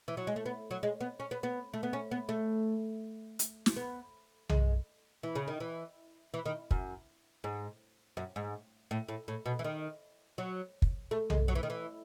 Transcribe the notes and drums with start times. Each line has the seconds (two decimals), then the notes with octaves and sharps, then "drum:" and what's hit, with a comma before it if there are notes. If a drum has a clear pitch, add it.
0.08 E3
0.17 F#3
0.27 G#3
0.36 A3
0.46 B3
0.71 F#3
0.83 G#3
1.01 B3
1.20 C#4
1.31 B3
1.43 B3
1.74 A3
1.83 B3
1.93 C#4
2.11 B3
2.29 A3
3.39 drum: hi-hat
3.66 drum: snare
3.76 B3
4.50 G#3, drum: tom B1
5.23 E3
5.35 C#3
5.48 D#3
5.60 E3
6.34 E3
6.46 D#3
6.71 F#2, drum: kick
7.44 G#2
8.17 F#2
8.36 G#2
8.91 A2
9.08 A2
9.28 A2
9.46 B2
9.59 E3
9.64 D#3
10.38 F#3
10.82 drum: kick
11.11 A3
11.30 G#3, drum: tom B1
11.48 F#3
11.55 E3
11.63 D#3
11.70 E3